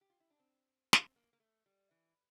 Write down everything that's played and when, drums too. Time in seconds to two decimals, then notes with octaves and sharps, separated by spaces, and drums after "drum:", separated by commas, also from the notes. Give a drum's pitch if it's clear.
0.01 G4
0.10 F4
0.20 E4
0.30 D4
0.40 C4
0.93 drum: snare
1.06 C4
1.16 A#3
1.33 A#3
1.40 A3
1.66 G3
1.91 E3